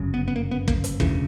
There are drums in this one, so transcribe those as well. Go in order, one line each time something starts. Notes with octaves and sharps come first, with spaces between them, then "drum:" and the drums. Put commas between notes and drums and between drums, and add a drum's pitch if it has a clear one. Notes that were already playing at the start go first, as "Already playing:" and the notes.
Already playing: G1 F#2 C#3
B3
B3
A#3
B3
A#3, drum: kick
drum: hi-hat
E1 D2 C#3 E3, drum: kick